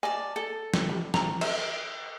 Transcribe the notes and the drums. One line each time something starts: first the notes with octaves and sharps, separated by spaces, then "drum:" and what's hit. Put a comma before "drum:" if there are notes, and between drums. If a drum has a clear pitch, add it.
D5 D#5 G#5 A5
A4
drum: snare
G3
A#5, drum: snare
C5 E5, drum: cymbal